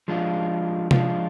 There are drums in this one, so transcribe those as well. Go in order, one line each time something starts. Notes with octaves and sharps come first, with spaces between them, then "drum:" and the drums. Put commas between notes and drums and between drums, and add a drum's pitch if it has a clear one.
F3 G#3 D4 F4
F3 G#3 D4 F4, drum: tom